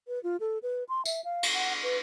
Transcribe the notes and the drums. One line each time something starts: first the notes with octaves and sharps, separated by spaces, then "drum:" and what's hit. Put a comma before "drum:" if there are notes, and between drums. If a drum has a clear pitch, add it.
B4
F4
A4
B4
C6
E5, drum: tambourine
F5
drum: cymbal
F#5
B4